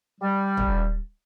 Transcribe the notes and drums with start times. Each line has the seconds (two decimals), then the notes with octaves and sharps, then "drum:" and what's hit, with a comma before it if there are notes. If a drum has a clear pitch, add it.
0.20 G3
0.57 drum: kick